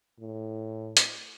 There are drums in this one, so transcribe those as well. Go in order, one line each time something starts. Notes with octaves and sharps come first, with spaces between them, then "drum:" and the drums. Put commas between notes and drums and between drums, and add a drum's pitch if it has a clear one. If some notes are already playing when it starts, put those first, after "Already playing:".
A2
drum: hi-hat